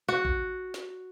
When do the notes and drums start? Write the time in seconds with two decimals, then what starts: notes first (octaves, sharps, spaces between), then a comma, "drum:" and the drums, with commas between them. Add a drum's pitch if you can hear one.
0.08 F#4
0.25 drum: kick A1
0.74 drum: snare